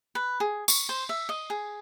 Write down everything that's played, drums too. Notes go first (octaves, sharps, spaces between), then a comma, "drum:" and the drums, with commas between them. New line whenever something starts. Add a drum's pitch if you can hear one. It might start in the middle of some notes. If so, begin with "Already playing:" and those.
B4
G#4
C#6, drum: tambourine
C5
E5
D#5
G#4